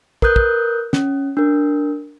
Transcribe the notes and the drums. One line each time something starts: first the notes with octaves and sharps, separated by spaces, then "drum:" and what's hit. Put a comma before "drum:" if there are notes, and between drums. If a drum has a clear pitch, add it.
A#4 B4 D#6 F#6 G6, drum: kick
drum: kick
C#4, drum: snare
D4 A#4